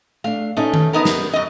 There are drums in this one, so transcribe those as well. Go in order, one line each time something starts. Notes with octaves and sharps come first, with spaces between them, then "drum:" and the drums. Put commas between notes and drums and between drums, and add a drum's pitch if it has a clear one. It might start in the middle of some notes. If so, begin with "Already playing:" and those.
A3 D4 F5
B2 A3 C#4 D#4
drum: tom D#3
B3 D#4 A#4
drum: snare
F#2 D#5